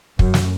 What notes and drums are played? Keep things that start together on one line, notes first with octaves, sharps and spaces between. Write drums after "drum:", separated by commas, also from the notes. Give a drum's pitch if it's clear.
F#2, drum: kick
drum: snare